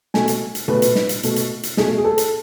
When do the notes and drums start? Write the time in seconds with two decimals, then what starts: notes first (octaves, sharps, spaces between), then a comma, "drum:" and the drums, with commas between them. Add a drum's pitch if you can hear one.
0.14 B2 A3 G#5, drum: snare
0.28 drum: hi-hat
0.55 drum: hi-hat
0.68 B2 A3 B4, drum: tom A#2
0.82 drum: hi-hat
0.96 drum: snare
1.09 drum: hi-hat
1.23 B2 A3, drum: hi-hat
1.36 drum: hi-hat
1.63 drum: hi-hat
1.77 B2 A3 G#4, drum: snare
1.98 G#4
2.04 A4
2.18 drum: hi-hat